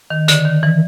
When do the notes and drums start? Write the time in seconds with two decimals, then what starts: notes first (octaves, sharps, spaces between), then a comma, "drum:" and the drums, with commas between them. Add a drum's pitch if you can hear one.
0.10 D#3
0.28 D3, drum: hi-hat
0.45 D#3
0.63 E3